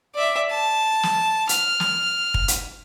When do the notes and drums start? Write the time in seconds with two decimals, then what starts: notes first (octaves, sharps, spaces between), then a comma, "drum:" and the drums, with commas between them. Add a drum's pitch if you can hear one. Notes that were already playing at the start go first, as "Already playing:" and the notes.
0.15 D5 E5
0.50 A5
1.03 drum: snare
1.49 F6, drum: hi-hat
1.80 drum: snare
2.34 drum: kick
2.48 drum: hi-hat